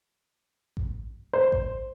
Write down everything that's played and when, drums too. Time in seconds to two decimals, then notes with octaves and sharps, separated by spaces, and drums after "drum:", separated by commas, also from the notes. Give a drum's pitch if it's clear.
0.77 drum: kick A1
1.33 C5
1.52 drum: kick A1